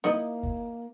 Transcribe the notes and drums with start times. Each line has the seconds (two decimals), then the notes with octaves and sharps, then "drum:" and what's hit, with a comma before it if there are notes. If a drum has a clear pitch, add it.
0.04 A#3 D#4 E4 D#5, drum: snare
0.43 drum: kick